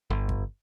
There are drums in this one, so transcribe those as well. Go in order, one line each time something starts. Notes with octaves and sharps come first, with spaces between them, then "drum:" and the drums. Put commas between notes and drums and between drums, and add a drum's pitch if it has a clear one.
G1
drum: kick G#1